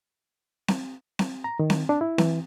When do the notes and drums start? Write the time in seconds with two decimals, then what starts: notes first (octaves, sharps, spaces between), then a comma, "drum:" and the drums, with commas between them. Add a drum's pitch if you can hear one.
0.68 drum: snare C4
1.19 drum: snare C4
1.44 A#5
1.59 D#3
1.70 drum: snare C4
1.89 D4
2.01 E4
2.18 E3, drum: snare C4